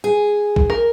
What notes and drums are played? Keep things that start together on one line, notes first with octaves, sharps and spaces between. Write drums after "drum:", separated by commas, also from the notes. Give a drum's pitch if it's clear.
G#4
drum: kick
A#4